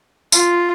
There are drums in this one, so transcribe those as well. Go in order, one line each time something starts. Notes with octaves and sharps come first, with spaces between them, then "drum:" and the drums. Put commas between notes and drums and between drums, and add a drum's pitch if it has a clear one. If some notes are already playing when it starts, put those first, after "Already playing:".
F4, drum: tambourine